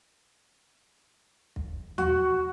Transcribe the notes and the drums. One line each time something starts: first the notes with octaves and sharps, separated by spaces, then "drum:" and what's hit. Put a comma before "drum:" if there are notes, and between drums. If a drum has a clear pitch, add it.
drum: kick
F#4, drum: tom D#2